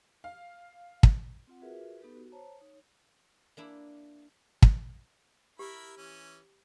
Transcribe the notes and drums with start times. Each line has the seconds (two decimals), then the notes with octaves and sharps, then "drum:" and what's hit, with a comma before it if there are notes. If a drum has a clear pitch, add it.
0.24 F5
1.03 drum: kick
1.47 C4 F4 F#5
1.62 F4 F#4 G#4 A#4 B4 E5
2.01 B3 D#4 G4 A4 B4
2.15 F#4
2.32 C5 C#5 A5 A#5
2.60 D#4 C#5
3.57 A#3 D4 E4
4.62 drum: kick
5.59 E4 G4 A#4 B5
5.97 E3 C#4